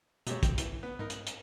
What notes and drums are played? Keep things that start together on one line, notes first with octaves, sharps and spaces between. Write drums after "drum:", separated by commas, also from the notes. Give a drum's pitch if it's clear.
F#2 B2 G#3 G4 C#5, drum: hi-hat
B2 G5, drum: kick, hi-hat
E3, drum: hi-hat
B3
G#2 D#4 A#4
drum: hi-hat
drum: hi-hat